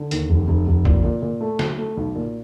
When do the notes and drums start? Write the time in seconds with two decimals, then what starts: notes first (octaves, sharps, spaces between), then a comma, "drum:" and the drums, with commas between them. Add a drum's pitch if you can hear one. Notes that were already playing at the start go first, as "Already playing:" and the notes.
Already playing: D3
0.11 D#2, drum: hi-hat
0.30 F1
0.48 F1
0.67 F1
0.85 A#2, drum: kick
1.04 A#2
1.22 A#2
1.40 A3
1.59 F#3, drum: snare
1.78 A3
1.97 B1
2.15 A#2